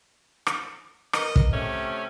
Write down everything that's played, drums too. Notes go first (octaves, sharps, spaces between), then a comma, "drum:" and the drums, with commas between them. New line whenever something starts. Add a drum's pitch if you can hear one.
drum: rim click
A#4 B4 D#5, drum: rim click
drum: kick
C3 A3 C#4 G4